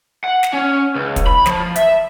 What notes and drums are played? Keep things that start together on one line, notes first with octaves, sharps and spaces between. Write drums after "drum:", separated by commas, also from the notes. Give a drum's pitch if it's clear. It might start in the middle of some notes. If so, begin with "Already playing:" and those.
F#5
drum: snare
C#4
C#2
drum: kick, hi-hat
B5
F3, drum: snare
E5, drum: hi-hat